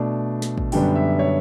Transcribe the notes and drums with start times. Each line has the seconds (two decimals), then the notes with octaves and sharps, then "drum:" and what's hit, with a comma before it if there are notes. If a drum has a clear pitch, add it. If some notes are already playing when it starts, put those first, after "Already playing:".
Already playing: B2 A3 D4
0.42 drum: snare
0.58 drum: kick
0.72 F#2 D3 G3 B3 D4 G5, drum: open hi-hat
0.95 E5
1.19 C#5